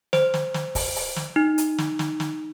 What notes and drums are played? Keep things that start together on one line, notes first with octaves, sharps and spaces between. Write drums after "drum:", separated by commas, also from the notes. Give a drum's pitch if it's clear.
C5, drum: snare
drum: snare
drum: snare
drum: kick, open hi-hat
drum: open hi-hat
drum: snare
D#4
drum: hi-hat
drum: snare
drum: snare
drum: snare